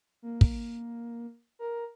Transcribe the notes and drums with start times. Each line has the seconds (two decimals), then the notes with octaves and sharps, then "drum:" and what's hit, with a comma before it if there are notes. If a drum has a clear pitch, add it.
0.22 A#3
0.41 drum: kick
1.59 A#4